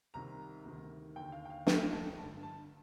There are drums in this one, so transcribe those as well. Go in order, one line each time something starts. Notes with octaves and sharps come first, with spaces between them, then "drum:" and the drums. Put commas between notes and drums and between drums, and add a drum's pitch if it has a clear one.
C2 C3 D#3 A#5
D2 C3 D#3
D#2 D3 G5
F5
G5
F5
F2 D#3 G5, drum: snare
A5
G2 D3 A5
A5